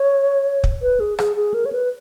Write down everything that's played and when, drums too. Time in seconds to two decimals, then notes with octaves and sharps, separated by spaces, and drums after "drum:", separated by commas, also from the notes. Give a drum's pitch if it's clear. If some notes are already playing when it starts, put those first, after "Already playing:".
Already playing: C#5
0.64 drum: kick
0.82 B4
1.00 G#4
1.19 G#4, drum: rim click
1.36 G#4
1.54 A#4
1.66 C#5
1.73 B4